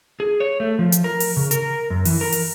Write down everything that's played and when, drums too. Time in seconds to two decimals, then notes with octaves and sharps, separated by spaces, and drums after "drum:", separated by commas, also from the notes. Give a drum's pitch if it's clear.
0.20 G#4
0.40 C#5
0.60 A3
0.79 F3
0.92 drum: hi-hat
1.04 A#4
1.20 drum: open hi-hat
1.37 C#3
1.51 A#4, drum: hi-hat
1.90 F#2
2.05 E3, drum: open hi-hat
2.21 A#4
2.32 drum: open hi-hat